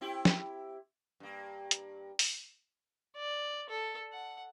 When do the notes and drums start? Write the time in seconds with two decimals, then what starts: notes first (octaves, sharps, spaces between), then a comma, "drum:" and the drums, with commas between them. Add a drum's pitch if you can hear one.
0.01 C4 E4 G4
0.25 drum: snare
1.20 G2 A#3
1.71 drum: hi-hat
2.19 drum: open hi-hat
3.16 D5
3.70 A4
4.13 F#5